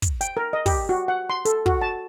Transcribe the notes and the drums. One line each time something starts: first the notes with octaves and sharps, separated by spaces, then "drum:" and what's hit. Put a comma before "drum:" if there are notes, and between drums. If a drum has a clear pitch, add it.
drum: kick, hi-hat
G5, drum: hi-hat
A#4
D#5
G4, drum: kick, open hi-hat
F#4
F#5
C6
A4, drum: hi-hat
F#4, drum: kick
A5